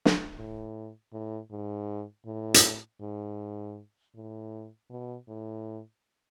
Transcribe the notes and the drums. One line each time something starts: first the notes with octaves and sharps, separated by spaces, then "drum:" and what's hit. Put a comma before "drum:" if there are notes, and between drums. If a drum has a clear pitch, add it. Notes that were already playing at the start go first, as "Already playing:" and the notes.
drum: snare
A2
A2
G#2
A2
drum: hi-hat
G#2
A2
B2
A2